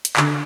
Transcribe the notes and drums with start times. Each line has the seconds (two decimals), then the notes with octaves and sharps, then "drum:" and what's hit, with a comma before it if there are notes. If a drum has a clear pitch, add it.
0.05 drum: hi-hat
0.17 D3, drum: clap